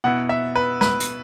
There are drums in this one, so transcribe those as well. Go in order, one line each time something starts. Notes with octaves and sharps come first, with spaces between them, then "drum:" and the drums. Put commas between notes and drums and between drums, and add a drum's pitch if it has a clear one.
B2 B3 E4 F#5
E5
B4
B4, drum: snare
drum: hi-hat